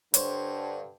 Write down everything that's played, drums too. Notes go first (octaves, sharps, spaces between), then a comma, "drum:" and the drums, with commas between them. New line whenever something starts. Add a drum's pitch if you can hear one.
G2 D3 C5 C#5, drum: hi-hat